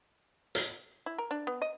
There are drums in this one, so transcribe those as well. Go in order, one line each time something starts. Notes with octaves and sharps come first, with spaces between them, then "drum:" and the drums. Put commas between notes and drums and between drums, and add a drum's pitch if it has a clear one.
drum: hi-hat
E4
A#4
D4
B3
D#5